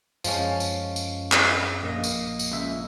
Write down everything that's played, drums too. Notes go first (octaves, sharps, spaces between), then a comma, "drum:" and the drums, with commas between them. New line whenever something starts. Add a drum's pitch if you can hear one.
F#2 F3 G#3 C#4, drum: tambourine
drum: tambourine
drum: tambourine
drum: clap
A#1 A#3 D#5
drum: tambourine
drum: tambourine
C#2 E5